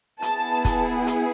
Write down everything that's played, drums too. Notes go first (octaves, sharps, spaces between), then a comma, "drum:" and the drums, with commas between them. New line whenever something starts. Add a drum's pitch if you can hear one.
B3 E4 G#4 A5, drum: hi-hat
drum: kick, hi-hat
drum: hi-hat